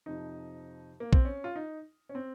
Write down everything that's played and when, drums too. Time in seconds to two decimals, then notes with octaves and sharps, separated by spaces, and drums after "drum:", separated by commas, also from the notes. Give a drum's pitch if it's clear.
0.06 F2 C3 F3 D#4
1.00 A#3
1.13 C4, drum: kick A#1
1.25 C#4
1.44 F4
1.56 D#4
2.09 C#4
2.15 C4